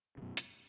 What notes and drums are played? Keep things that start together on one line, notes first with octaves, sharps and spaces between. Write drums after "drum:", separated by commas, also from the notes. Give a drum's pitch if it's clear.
C#3
F#2 B2
drum: hi-hat